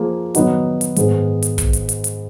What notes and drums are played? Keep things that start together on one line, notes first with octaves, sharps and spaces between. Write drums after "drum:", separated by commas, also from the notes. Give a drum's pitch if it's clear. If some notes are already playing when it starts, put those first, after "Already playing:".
Already playing: F3 A#3 F4 G#4
D#3 F#3 B3 D#4 F#4, drum: hi-hat
drum: hi-hat
G#2 D#3 G#3 B3, drum: hi-hat
drum: hi-hat
drum: kick, hi-hat
drum: hi-hat
drum: hi-hat
drum: hi-hat